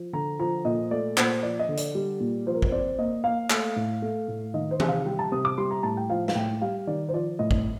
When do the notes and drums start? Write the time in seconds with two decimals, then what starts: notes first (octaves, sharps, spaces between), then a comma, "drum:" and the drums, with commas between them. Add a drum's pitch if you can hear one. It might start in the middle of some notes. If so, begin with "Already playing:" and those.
Already playing: F3
0.13 D3 A#5
0.40 F3 A#5
0.65 A#2 D#5
0.91 A3 D5
1.17 A#2 C5, drum: clap
1.43 F3 D5
1.59 D#5
1.69 D3
1.77 D5, drum: hi-hat
1.95 G3
2.20 A#2
2.46 F3 C5
2.54 A#4
2.62 C5, drum: kick
2.72 C4 D5
2.98 A#3 D#5
3.24 A#3 F5
3.50 A3, drum: clap
3.76 A2
4.02 A3
4.28 A2
4.54 D#3 D#5
4.71 C5
4.80 C3, drum: tom E3
4.88 F5
5.06 G3 G5
5.19 A5
5.32 C3 D#6
5.45 D6
5.58 G3 C6
5.71 A#5
5.83 A2 A5
5.97 G5
6.10 F3 F5
6.28 F5, drum: snare
6.35 A2 G5
6.61 G3 F5
6.87 D#3 D5
7.09 C5
7.13 F3 D5
7.39 A2 D#5
7.51 drum: kick